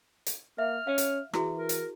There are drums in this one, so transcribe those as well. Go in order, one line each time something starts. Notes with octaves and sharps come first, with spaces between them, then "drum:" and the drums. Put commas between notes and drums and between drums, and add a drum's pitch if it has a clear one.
drum: hi-hat
A#3 E5 F6
C#4 F5
drum: hi-hat
E3 E4 F#4 G#4, drum: rim click
A#4
drum: hi-hat